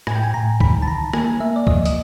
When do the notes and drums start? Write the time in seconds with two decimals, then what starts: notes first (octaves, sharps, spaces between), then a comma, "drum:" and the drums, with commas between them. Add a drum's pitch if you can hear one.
0.07 A2 G#5, drum: rim click
0.15 G5
0.23 G#5
0.34 A2 A#5
0.60 D#3 B5, drum: kick
0.82 A5
0.87 D#3 A#5
1.13 A#3 G#5, drum: rim click
1.40 A#3 E5
1.56 D5
1.67 F3 D#5, drum: kick
1.85 D#5, drum: hi-hat